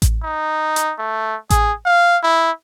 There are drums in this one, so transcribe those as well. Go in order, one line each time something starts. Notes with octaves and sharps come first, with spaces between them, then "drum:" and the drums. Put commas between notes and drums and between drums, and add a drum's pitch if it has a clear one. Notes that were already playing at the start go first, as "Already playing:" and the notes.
drum: kick A1, hi-hat
D#4
drum: hi-hat
A3
G#4, drum: kick A1, hi-hat
F5
E4